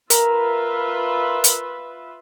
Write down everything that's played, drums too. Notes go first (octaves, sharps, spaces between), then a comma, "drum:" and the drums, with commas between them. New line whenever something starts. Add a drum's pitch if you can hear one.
F4 A#4 B4 E5 A#5, drum: hi-hat
drum: hi-hat